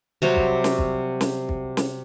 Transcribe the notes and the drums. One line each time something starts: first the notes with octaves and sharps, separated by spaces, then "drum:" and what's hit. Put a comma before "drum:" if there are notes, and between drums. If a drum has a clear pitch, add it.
C3 F#3 G3 C4
drum: kick
drum: snare
drum: kick
drum: snare
drum: kick
drum: snare